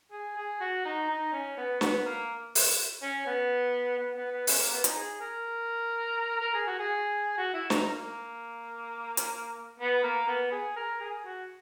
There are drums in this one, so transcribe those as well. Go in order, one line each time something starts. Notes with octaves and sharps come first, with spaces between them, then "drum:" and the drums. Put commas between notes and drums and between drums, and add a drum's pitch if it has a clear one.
G#4
G#4
F#4
D#4
D#4
C#4
B3
B3, drum: snare
A#3
drum: open hi-hat
C#4
B3
B3
B3
B3
C#4, drum: open hi-hat
A#3
B3
D#4, drum: hi-hat
G#4
A#4
A#4
G#4
F#4
G#4
F#4
E4
D#4, drum: snare
A#3
drum: hi-hat
B3
A#3
B3
G#4
A#4
G#4
F#4